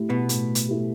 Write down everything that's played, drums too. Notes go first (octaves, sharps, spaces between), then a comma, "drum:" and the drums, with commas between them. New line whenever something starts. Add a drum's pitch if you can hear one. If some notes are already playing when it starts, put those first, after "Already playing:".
Already playing: A2 A3 E4 G4
B2 B3
A2, drum: hi-hat
drum: hi-hat
A3 E4 G4